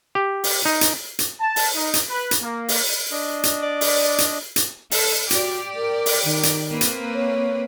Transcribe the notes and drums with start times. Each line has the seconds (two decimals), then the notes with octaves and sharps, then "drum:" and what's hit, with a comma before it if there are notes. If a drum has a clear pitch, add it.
0.15 G4
0.44 drum: open hi-hat
0.65 D#4
0.81 drum: hi-hat
1.19 drum: hi-hat
1.40 A5
1.56 drum: open hi-hat
1.76 D#4
1.94 drum: hi-hat
2.10 B4
2.31 drum: hi-hat
2.42 A#3
2.69 drum: open hi-hat
3.12 D4 D#5
3.43 drum: hi-hat
3.63 D5
3.81 drum: open hi-hat
4.18 drum: hi-hat
4.56 drum: hi-hat
4.91 A4, drum: open hi-hat
5.31 F#4 G4 D5, drum: hi-hat
5.76 A#4
6.06 drum: open hi-hat
6.25 D#3
6.43 drum: hi-hat
6.71 A#3 C4 B4
6.81 drum: hi-hat
7.14 C#5